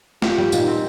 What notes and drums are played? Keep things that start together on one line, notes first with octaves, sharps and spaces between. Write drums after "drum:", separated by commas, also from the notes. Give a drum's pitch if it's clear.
F4 G4, drum: snare
G3
A#2 D#4, drum: tambourine
C4